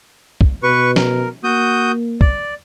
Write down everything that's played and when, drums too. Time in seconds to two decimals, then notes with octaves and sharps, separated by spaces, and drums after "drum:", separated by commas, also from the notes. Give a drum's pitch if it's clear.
0.41 drum: kick
0.63 B2 B4 C#6
0.96 A#4, drum: snare
1.44 A#3 F#4 D#6 G6
2.21 D5, drum: kick